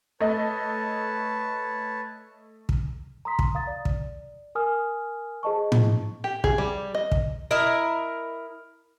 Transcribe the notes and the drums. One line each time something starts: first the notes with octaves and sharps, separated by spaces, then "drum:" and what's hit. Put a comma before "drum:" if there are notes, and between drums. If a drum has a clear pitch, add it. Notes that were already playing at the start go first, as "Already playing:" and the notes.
A3 B4 C#5 D#5 A5
drum: kick
A#5 C6 D#6 B6
drum: kick
F5 A#5 D#6 A6
D5
drum: kick
A#4 G#5 D#6 F6
G#4 C5 D#5 A5 C#6
drum: tom A2
G4
G#4, drum: kick
G3
D#5
drum: kick
E4 A#4 D#5